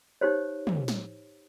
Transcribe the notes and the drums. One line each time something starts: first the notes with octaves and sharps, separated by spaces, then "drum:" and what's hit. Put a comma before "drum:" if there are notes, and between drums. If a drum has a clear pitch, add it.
D#4 G4 C5 C#5
drum: tom
drum: snare